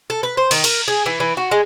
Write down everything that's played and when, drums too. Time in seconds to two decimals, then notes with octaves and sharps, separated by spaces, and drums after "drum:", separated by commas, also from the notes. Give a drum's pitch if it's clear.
0.10 A4
0.23 B4
0.37 C5
0.51 D#3, drum: cymbal
0.64 A#4, drum: cymbal
0.88 G#4
1.06 E3
1.20 E3
1.37 F#4
1.51 G#3